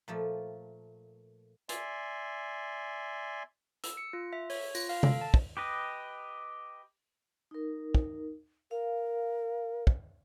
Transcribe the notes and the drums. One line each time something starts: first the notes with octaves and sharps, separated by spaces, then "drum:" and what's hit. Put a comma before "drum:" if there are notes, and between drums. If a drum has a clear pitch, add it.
A#2 F3 A3
D5 E5 G#5 C6, drum: hi-hat
E6, drum: hi-hat
C#7
F4
E5
C#5, drum: open hi-hat
F4, drum: tambourine
F5, drum: open hi-hat
A4, drum: tom C3
A5
drum: kick
G4 B4 D#5
D#4 A#4
drum: kick
A#4 F5
drum: kick